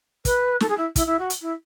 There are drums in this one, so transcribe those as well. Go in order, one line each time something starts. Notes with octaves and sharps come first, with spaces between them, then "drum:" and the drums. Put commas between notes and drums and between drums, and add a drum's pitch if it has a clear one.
B4, drum: kick, hi-hat
A4, drum: snare
G#4
E4
E4, drum: kick, hi-hat
E4
F#4
drum: hi-hat
E4